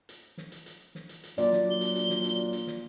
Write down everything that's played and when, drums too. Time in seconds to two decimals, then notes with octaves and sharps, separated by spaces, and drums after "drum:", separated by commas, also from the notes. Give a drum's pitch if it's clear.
0.09 drum: hi-hat
0.38 drum: snare
0.52 drum: hi-hat
0.66 drum: hi-hat
0.95 drum: snare
1.09 drum: hi-hat
1.24 drum: hi-hat
1.38 A#2 F#3 D4 D5, drum: hi-hat
1.52 drum: snare
1.71 G7
1.81 drum: hi-hat
1.95 drum: hi-hat
2.10 drum: snare
2.24 drum: hi-hat
2.53 drum: hi-hat
2.67 drum: snare